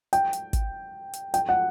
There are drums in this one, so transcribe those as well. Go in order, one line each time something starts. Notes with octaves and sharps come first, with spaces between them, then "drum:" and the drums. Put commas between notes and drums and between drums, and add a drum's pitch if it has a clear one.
G5, drum: hi-hat
drum: hi-hat
drum: kick, hi-hat
drum: hi-hat
G5, drum: hi-hat
F#5